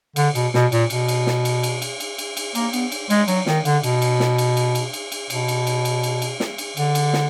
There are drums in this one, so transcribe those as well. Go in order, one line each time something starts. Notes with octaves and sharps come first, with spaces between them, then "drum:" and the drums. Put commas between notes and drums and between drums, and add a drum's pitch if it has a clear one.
D3, drum: cymbal
B2, drum: cymbal
B2, drum: snare
A#2, drum: cymbal
B2, drum: cymbal
drum: cymbal
drum: snare
drum: cymbal
drum: cymbal
drum: cymbal
drum: cymbal
drum: cymbal
drum: cymbal
A#3, drum: cymbal
B3, drum: cymbal
drum: cymbal
G#3, drum: cymbal
F#3, drum: cymbal
D#3, drum: snare
D3, drum: cymbal
B2, drum: cymbal
drum: cymbal
drum: snare
drum: cymbal
drum: cymbal
drum: cymbal
drum: cymbal
drum: cymbal
B2, drum: cymbal
drum: cymbal
drum: cymbal
drum: cymbal
drum: cymbal
drum: cymbal
drum: snare
drum: cymbal
D3, drum: cymbal
drum: cymbal
drum: snare